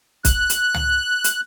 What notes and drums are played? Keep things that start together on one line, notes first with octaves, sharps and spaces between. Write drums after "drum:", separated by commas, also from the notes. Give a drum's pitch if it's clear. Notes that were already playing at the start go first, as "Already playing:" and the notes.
F#6, drum: kick, hi-hat
drum: hi-hat
drum: tom
drum: hi-hat